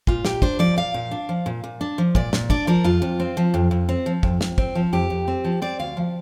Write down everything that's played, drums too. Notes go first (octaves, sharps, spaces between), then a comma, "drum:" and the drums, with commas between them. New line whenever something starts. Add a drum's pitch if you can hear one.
A#2 F4, drum: kick
A#2 G4, drum: snare
D4 C5, drum: kick
F3 D5
A#2 F5
A#2
D4
F3
A#2
A#2
D4
F3
A#2 D5, drum: kick
A#2, drum: snare
D4 D5, drum: kick
F3 A#4
F2 F4
F2
C4
F3
F2
F2
C4
F3
F2, drum: kick
F2, drum: snare
C4, drum: kick
F3
F2 G4
F2
C4
F3
C4 D5
D2 F5
F3